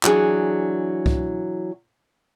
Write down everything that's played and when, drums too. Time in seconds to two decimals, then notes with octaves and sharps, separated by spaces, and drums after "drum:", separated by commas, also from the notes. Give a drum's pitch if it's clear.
0.03 E3 F#3 D4 G#4, drum: clap
1.06 drum: kick C2